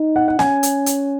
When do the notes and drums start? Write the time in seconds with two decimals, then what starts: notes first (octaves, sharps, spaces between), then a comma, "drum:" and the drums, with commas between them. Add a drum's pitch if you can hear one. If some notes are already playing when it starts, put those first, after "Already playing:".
Already playing: D#4
0.16 F#5
0.28 F#5
0.39 C#4 G#5, drum: snare
0.63 drum: hi-hat
0.86 drum: hi-hat